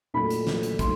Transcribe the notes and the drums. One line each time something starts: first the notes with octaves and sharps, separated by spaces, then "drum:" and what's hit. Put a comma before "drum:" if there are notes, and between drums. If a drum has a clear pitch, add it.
A#2 F#3 A3 B5
drum: hi-hat
drum: snare
drum: hi-hat
F#3 A3 C6, drum: kick, hi-hat